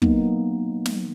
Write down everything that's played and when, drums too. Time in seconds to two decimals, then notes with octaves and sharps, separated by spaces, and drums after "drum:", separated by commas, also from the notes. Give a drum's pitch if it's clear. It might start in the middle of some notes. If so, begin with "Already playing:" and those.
0.02 F#3 A#3 B3 D#4, drum: kick
0.85 drum: snare